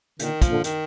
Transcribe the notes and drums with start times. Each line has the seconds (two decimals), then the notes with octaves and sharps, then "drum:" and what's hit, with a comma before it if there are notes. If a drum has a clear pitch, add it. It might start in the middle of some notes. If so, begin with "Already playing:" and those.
0.19 A#2 D3 D#3, drum: hi-hat
0.42 F3, drum: kick, hi-hat
0.49 A#2 D3
0.64 D#3, drum: hi-hat